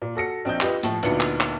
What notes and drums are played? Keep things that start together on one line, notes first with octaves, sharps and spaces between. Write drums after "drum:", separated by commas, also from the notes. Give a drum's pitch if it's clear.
A#2
F#4 A4 A#6 C#7
A#1 C4 D#5 G6
F4 G4 B4 D#5, drum: clap
A2 F3, drum: hi-hat
D2 A#2 B3 D#4 C#7, drum: hi-hat
drum: clap
drum: clap